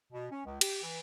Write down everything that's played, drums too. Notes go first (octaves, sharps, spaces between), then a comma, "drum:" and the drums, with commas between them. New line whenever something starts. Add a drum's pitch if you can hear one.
B2
C#4
C#2
G4, drum: cymbal
E3